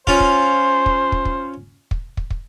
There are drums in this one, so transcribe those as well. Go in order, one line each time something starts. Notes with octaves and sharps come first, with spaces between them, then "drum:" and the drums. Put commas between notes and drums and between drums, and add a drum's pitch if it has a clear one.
C#4 F4 C5, drum: kick
drum: kick
drum: kick
drum: kick
drum: kick
drum: kick
drum: kick
drum: kick